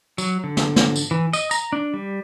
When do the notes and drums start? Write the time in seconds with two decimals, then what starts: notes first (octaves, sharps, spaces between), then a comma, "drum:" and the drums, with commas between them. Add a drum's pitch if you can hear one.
0.18 F#3, drum: tambourine
0.44 D3
0.57 drum: snare
0.76 drum: snare
0.96 drum: tambourine
1.11 E3
1.33 D#5, drum: tambourine
1.51 A#5, drum: tambourine
1.73 D4
1.94 G3